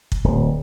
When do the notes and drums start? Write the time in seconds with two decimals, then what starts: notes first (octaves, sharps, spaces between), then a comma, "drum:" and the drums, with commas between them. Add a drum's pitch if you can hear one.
0.12 drum: kick
0.24 D1